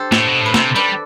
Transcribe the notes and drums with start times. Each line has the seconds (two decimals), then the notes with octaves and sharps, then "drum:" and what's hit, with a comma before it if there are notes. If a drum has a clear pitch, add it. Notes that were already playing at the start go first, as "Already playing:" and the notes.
Already playing: D4 G4 A4 C5
0.12 A2, drum: snare
0.27 B2
0.41 A2
0.46 B4
0.54 C3 A4 C5, drum: snare
0.75 G3 B4 D5